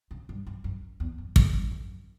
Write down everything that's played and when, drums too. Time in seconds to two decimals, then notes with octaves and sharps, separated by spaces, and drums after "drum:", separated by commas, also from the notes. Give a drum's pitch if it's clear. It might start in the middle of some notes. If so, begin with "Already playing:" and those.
0.11 C#3
0.29 G2
0.47 F#2
0.64 F#2
1.00 E2
1.18 F#2
1.36 F#2, drum: kick
1.53 G2
1.71 F#2